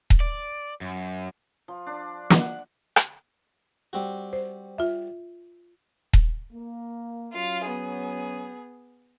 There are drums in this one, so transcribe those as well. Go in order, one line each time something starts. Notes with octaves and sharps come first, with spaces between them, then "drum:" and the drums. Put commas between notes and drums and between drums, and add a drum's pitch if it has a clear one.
drum: kick D#1
D5
F#2
F3
D4
drum: snare
F#5
drum: rim click
G3 C4 F#4
C5
F4 E5
drum: kick D#1
A#3
F#3 C#4 F4 F5
B3 G#4